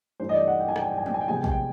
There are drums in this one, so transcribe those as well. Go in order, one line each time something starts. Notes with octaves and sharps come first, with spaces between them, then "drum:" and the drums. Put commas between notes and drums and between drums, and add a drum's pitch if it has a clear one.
G2 E3 A3 C5
D#5
D5
F#5
G5
G#5
G5, drum: rim click
G#5
G5
G#5
G5, drum: tom
G#5
G5
C3 F3 G#3 B3 G#5
G5
G#5, drum: kick
G5